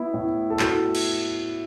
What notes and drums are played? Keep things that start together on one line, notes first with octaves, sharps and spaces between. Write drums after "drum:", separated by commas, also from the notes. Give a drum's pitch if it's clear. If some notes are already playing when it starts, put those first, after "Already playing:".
Already playing: B3 E4
A2
A4
A2 F#4, drum: clap
drum: cymbal